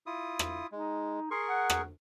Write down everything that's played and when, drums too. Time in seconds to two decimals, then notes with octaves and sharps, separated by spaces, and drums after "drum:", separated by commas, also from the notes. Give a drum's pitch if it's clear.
0.06 E4 F4 D#6
0.39 drum: rim click
0.72 G#3 D#4
1.31 G#4 A#4 C6 C#6
1.49 F#5
1.70 drum: rim click